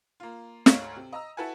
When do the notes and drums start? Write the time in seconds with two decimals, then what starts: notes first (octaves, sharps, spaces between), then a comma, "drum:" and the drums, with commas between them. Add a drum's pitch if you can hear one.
0.20 A#3 F4
0.66 D2 G#2 C#5 F5, drum: snare
0.96 C3
1.13 D#5 A#5 E6
1.37 E4 F#4 A4 B4 F#5 G#5